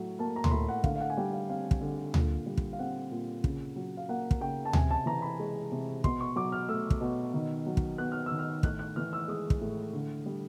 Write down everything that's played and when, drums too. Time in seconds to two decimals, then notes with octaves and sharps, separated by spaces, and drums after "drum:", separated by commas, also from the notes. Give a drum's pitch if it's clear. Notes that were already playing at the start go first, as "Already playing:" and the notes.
Already playing: A2 F#3
0.19 A#3 A5
0.36 A#5
0.44 C6, drum: tom D2
0.51 A2 B5
0.69 F#5
0.84 D3 F5, drum: kick
0.96 F5
1.01 F#5
1.10 G#5
1.17 G3 G5
1.33 F5
1.49 C4 F5
1.71 drum: kick
1.81 D3
2.14 A#2, drum: tom D2
2.46 G3
2.57 drum: kick
2.73 F5
2.79 C4 F#5
3.11 A#2
3.44 C#3, drum: kick
3.76 F#3
3.97 F5
4.09 A#3 F#5
4.31 drum: kick
4.41 C#3 G5
4.65 A5
4.73 C3 G#5, drum: tom D2
4.91 A5
5.06 E3 A#5
5.22 B5
5.39 G#3
5.72 C3
6.04 B2 C6, drum: kick
6.21 C#6
6.36 F#3 D6
6.52 F6
6.68 A3 E6
6.90 drum: kick
7.01 B2
7.34 D#3
7.66 F#3
7.77 drum: kick
7.98 B3 F#6
8.12 F6
8.26 D#3 E6
8.39 F6
8.63 A2 F#6, drum: kick
8.79 F#6
8.96 E3 F6
9.13 E6
9.28 G#3 D#6
9.50 drum: kick
9.61 A2
9.94 D3
10.26 G3